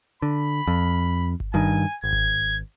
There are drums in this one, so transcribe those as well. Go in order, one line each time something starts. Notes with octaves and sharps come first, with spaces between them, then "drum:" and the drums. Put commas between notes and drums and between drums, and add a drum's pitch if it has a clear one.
D3 B5
F2
drum: kick G1
G2 D#3 G#5
G#1 G#6
drum: kick G1